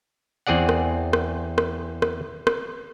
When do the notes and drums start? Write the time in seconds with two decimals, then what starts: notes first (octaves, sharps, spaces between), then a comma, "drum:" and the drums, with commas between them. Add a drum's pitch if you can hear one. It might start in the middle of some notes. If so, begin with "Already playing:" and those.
0.47 E2 C4 G#4 D5 F#5
0.69 drum: rim click
1.13 drum: rim click
1.58 drum: rim click
2.02 drum: rim click
2.47 drum: rim click